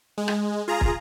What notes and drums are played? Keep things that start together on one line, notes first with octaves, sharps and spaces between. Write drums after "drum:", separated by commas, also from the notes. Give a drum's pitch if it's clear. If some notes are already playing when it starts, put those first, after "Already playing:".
G#3
drum: rim click
F4 G#4 A#5
drum: kick